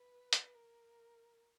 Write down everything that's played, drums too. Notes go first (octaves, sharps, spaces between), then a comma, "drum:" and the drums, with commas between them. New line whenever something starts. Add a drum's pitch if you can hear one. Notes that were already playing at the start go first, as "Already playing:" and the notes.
Already playing: B4
drum: hi-hat
A#4